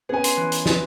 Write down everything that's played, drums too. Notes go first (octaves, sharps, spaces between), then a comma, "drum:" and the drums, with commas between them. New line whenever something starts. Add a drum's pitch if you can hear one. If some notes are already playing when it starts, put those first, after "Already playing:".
B3 C#4 G#4 G#5
C6, drum: hi-hat
E3
drum: hi-hat
drum: snare